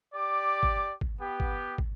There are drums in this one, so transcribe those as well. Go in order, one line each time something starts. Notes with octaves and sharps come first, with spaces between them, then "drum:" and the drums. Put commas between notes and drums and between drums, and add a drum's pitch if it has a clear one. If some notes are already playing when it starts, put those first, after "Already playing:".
G4 D5 D6
drum: kick
drum: kick
B3 G4
drum: kick
drum: kick